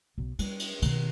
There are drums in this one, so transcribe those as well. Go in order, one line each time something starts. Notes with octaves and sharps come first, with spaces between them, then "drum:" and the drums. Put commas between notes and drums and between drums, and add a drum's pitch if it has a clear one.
B1
G3, drum: cymbal
drum: cymbal
B2 D#3, drum: cymbal